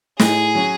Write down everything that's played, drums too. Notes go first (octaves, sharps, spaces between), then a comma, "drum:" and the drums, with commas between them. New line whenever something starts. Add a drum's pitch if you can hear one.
A2 G#4, drum: snare
F#3 C#4